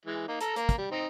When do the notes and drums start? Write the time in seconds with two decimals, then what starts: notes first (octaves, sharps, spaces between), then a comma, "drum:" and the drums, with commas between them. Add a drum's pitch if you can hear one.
0.05 E3 G#3
0.28 A#3 D#4
0.41 A4 A#5, drum: hi-hat
0.56 A#3, drum: hi-hat
0.69 drum: kick, hi-hat
0.78 G3
0.91 C4 D#4